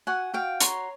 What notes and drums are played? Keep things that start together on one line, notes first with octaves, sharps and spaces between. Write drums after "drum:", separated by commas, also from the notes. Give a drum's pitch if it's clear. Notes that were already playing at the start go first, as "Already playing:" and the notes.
F#4 F#5 G#5
F#4 F5 G5
C#5 A#5 C6, drum: hi-hat